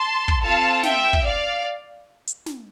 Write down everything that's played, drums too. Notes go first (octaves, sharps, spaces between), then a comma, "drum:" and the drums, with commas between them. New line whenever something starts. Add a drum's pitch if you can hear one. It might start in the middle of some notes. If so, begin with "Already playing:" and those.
Already playing: A5 C6
drum: kick
C4 F4 A4 F5 A5
E5 G5, drum: snare
drum: kick
D5 F5
drum: hi-hat
drum: snare